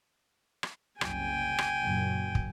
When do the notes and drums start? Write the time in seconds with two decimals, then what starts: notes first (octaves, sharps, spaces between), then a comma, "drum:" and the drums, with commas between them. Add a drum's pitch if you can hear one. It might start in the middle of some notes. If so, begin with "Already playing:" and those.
0.63 drum: rim click
1.01 F#1 C2 C#3 G5 G#5, drum: rim click
1.58 drum: rim click
1.82 F#1 F#2 A#2
2.35 drum: kick